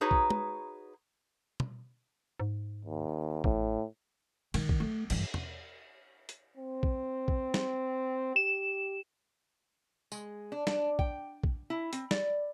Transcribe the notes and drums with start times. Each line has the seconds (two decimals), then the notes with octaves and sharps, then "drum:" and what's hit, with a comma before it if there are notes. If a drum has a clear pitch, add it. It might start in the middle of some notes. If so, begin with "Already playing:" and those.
0.01 D#4 F#4 G#4 B4 C#5 A#5
0.11 drum: kick
0.30 drum: tom
1.60 drum: tom
2.40 G#2
2.85 D#2
3.44 A1 A2, drum: kick
4.54 D#3, drum: cymbal
4.69 drum: kick
4.80 A3
5.10 G2 E3, drum: cymbal
5.34 drum: tom
6.29 drum: hi-hat
6.57 C4
6.83 drum: kick
7.28 drum: kick
7.54 drum: snare
8.36 G4 E7
10.12 G#3, drum: tambourine
10.52 D4
10.67 D4, drum: snare
10.99 G5, drum: kick
11.44 drum: kick
11.70 E4
11.93 C4, drum: hi-hat
12.11 D5, drum: snare